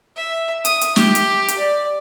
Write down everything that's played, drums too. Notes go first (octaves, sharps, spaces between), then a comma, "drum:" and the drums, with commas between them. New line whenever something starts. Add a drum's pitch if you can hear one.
E5
D#6, drum: hi-hat
drum: hi-hat
G4, drum: snare
drum: hi-hat
drum: hi-hat
D5